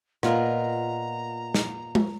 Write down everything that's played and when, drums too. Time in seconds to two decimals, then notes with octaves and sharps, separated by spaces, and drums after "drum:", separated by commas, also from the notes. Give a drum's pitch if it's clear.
0.23 A#2 B3 F4 A#4 D#5 A#5, drum: rim click
1.54 drum: snare
1.95 drum: tom G#3